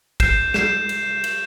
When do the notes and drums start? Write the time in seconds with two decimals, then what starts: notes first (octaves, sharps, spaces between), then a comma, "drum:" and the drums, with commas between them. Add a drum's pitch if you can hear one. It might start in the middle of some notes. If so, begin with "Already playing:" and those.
0.20 G6 C7 E7, drum: kick, cymbal
0.54 G6 C7 E7, drum: snare
0.89 drum: cymbal
1.24 drum: cymbal